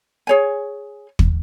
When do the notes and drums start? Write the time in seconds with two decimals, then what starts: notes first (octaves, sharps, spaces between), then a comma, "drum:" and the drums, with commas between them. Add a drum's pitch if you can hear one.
0.27 G#4 C#5 G#5
1.19 drum: kick